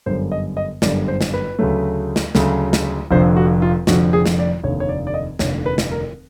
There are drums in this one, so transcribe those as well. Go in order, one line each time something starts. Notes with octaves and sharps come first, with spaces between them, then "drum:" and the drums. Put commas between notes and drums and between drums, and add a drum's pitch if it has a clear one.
G1 F#2 D3 G3 C5
D#5
D#5
G1 F#2 D3 G3 D5, drum: snare
C5
drum: snare
B4
D2 C#3 F#3 A3
drum: snare
D2 C#3 F#3 A3, drum: snare
drum: snare
F1 F2 D3 F3 C5
F#4
F4
F1 F2 D3 F3 F#4, drum: snare
G#4
drum: snare
D5
F1 D#2 D3 C#5
C#5
D5
D5
D#5
F1 D#2 D3 C#5, drum: snare
B4
drum: snare
A#4